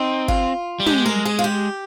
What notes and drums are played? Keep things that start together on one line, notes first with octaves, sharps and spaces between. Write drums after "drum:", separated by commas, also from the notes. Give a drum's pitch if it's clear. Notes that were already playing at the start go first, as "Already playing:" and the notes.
Already playing: C4 D#4
F4, drum: kick G1
G3
G#3 G4, drum: tom
A#4
G#4
F4
G4